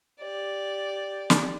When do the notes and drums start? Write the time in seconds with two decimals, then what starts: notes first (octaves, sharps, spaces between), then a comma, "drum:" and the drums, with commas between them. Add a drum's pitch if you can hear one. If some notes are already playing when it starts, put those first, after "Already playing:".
0.20 G4 D5
1.30 drum: snare